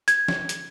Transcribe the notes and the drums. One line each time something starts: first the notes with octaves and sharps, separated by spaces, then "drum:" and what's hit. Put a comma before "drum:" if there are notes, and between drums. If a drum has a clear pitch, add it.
G#6, drum: hi-hat
drum: snare
drum: hi-hat